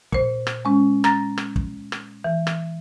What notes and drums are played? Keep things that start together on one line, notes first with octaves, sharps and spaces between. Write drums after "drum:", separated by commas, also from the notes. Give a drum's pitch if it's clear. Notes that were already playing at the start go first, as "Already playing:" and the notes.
A#2 C5, drum: kick
drum: rim click
G#3 C#4
A#5 A6 A#6, drum: rim click
drum: rim click
drum: kick
drum: rim click
E3
drum: rim click